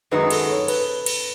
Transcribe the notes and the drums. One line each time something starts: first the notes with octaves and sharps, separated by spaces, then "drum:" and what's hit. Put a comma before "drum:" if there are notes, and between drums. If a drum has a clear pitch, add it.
F#2 D#3 G#3 D#4 F#4 B4
A4, drum: cymbal
C#5
B4, drum: cymbal
drum: cymbal